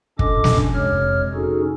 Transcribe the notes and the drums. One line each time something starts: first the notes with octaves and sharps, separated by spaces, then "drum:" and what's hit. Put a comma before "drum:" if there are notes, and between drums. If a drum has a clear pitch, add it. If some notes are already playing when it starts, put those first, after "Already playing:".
A#2 C#4 D4 A4 D#5 D6, drum: kick
drum: snare
drum: kick
F2 C3 G#3 C#5 F6
C#4 D#4 F#4 G#4 A4